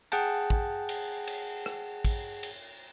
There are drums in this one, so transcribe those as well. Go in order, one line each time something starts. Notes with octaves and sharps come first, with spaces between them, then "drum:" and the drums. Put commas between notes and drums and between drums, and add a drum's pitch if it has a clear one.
G#4 F#5 G5 A5, drum: cymbal
drum: kick
drum: cymbal
drum: cymbal
drum: rim click
drum: kick, cymbal
drum: cymbal